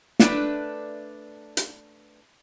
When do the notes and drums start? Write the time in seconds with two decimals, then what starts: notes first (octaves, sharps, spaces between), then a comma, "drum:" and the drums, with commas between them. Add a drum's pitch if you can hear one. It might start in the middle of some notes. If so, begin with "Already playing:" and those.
0.19 A3 D4 B4, drum: snare
1.57 drum: hi-hat